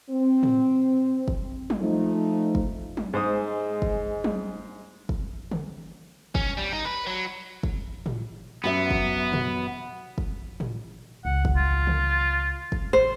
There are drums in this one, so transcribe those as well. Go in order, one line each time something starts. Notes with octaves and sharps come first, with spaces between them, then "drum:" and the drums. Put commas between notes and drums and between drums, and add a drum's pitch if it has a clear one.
C4
drum: tom A2
drum: kick
drum: tom F#3
F3 A3 D#4
drum: kick
drum: tom F#3
G#2 G#3 C5 D#6
drum: kick
drum: tom F#3
drum: kick
drum: tom C#3
C#4, drum: kick
G3
D#4
B4
F#3
drum: kick
drum: tom A2
F#2 B3 F#4 E5
drum: kick
drum: tom A#2
drum: kick
drum: tom A2
C#2 F#5
drum: kick
F4
drum: tom C#3
drum: kick
A1 C5